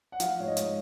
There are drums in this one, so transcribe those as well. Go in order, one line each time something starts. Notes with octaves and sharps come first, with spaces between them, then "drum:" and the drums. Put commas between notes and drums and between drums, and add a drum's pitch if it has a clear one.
F#5
F3 F5, drum: hi-hat
G#2 C#5
D#5
G#3, drum: hi-hat